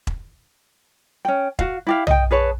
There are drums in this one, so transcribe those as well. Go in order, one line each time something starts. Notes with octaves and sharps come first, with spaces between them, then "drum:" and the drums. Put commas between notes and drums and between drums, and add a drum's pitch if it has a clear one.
drum: kick E1
C#4 G5
F#4 F5, drum: kick E1
E4 G4 F5
D#5 G5, drum: tom
G#4 B4 C#5 A5